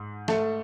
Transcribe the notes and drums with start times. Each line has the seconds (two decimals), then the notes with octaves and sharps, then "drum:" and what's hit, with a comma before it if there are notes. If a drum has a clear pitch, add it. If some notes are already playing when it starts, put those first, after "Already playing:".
Already playing: G#2
0.28 A3 A4, drum: snare